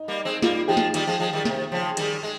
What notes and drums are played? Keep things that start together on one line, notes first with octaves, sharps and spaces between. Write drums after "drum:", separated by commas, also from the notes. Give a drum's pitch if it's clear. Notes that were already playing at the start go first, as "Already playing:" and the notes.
Already playing: D#4
G3 A#3
G#3 C4
G3 A#3 F4, drum: snare
F3 G#3 G4
drum: snare
D#3 G3, drum: cymbal
F3 G#3
F3 G#3
D#3 G3
C3 D#3, drum: snare
C#3 F3
D#3 G3 G#4, drum: cymbal
G#3